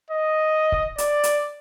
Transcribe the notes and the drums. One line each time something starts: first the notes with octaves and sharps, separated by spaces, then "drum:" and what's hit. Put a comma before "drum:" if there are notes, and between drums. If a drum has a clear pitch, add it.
D#5
drum: kick
D5, drum: hi-hat
drum: hi-hat